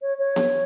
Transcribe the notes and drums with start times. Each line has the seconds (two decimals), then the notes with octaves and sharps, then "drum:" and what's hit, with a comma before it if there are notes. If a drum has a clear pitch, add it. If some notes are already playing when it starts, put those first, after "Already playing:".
0.02 C#5
0.19 C#5
0.36 drum: snare B3